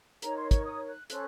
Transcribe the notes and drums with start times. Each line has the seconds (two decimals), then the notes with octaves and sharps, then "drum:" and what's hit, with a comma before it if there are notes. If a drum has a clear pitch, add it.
0.22 D#4 A#4 C#5 A#5, drum: hi-hat
0.37 C6
0.51 C#6, drum: kick, hi-hat
0.65 D#6
0.88 F#6
1.10 C#4 A4 C5 F#6, drum: hi-hat